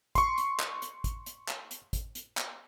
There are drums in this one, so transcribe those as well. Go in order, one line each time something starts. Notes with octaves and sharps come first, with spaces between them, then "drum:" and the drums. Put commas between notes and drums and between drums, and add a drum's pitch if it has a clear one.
C6 C#6, drum: kick, hi-hat
drum: hi-hat
drum: clap
drum: hi-hat
drum: kick, hi-hat
drum: hi-hat
drum: clap
drum: hi-hat
drum: kick, hi-hat
drum: hi-hat
drum: clap